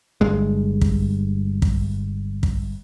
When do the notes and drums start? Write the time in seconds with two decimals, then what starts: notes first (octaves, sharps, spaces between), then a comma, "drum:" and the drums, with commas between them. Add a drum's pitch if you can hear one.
0.21 G1 G2 G#3
0.81 drum: kick
1.62 drum: kick
2.43 drum: kick